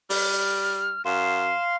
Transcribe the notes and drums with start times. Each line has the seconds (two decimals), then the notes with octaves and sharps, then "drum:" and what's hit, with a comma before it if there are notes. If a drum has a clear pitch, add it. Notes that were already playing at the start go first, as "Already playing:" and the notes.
0.10 G3 F6, drum: open hi-hat
1.05 F#2 F5 C6 E7